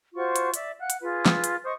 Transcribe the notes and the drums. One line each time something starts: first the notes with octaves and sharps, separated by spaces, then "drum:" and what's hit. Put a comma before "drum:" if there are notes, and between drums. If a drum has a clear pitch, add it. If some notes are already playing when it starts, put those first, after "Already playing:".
F4 F#4 C5 C#6
drum: hi-hat
D5 E5 D6, drum: hi-hat
F5 F#5 F#6
drum: hi-hat
F4 G#4 B4
drum: snare
drum: hi-hat
C5 D#5 C#6 D#6